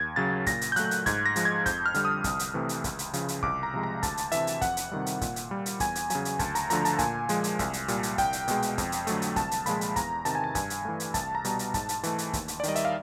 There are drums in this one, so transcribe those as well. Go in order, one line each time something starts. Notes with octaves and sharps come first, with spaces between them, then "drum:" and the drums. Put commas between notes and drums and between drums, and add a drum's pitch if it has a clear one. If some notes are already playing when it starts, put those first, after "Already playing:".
Already playing: D#2 G#6
C#3 F#3 A6
A#2 A#6, drum: kick, hi-hat
drum: hi-hat
G6
F#3 A3 F#6, drum: hi-hat
drum: hi-hat
G#2 G#6, drum: kick, hi-hat
A#6
F3 G#3, drum: hi-hat
G#6
F2 G6, drum: kick, hi-hat
F6
D3 G3, drum: hi-hat
D#6
C2, drum: kick, hi-hat
drum: hi-hat
C3 E3 A3
drum: hi-hat
C#2, drum: kick, hi-hat
drum: hi-hat
C#3 F3, drum: hi-hat
drum: hi-hat
C2 D6, drum: kick
A#5
C3 F3 G#3
A#5
D2 A5, drum: kick, hi-hat
drum: hi-hat
C3 E3 E5, drum: hi-hat
drum: hi-hat
F2 F#5, drum: kick, hi-hat
drum: hi-hat
C3 D#3 G3
drum: hi-hat
A#2, drum: kick, hi-hat
drum: hi-hat
G3
drum: hi-hat
E2 G#5, drum: kick, hi-hat
drum: hi-hat
C#3 F#3 G#5, drum: hi-hat
drum: hi-hat
D2 A5, drum: kick, hi-hat
A#5, drum: hi-hat
D3 F3 A3 A#5, drum: hi-hat
A5, drum: hi-hat
A#2 G#5, drum: kick, hi-hat
F3 G#3, drum: hi-hat
drum: hi-hat
C2, drum: kick, hi-hat
drum: hi-hat
A#2 G3, drum: hi-hat
drum: hi-hat
C2 G5, drum: kick, hi-hat
drum: hi-hat
B2 G#3, drum: hi-hat
drum: hi-hat
F2, drum: kick, hi-hat
drum: hi-hat
D3 F#3 A3, drum: hi-hat
drum: hi-hat
C2 A5, drum: kick, hi-hat
drum: hi-hat
A#2 F3 G#3 B5, drum: hi-hat
drum: hi-hat
E2 A#5, drum: kick, hi-hat
C3 D#3 A5, drum: hi-hat
G#5
A5
G2 G#5, drum: kick, hi-hat
drum: hi-hat
E3 A3
drum: hi-hat
C2 A5, drum: kick, hi-hat
A#5
B2 G3, drum: hi-hat
drum: hi-hat
G#2 A5, drum: kick, hi-hat
drum: hi-hat
E3 A3, drum: hi-hat
drum: hi-hat
D#2, drum: kick, hi-hat
drum: hi-hat
D5
D#3 G3 D#5, drum: hi-hat
E5, drum: hi-hat
F5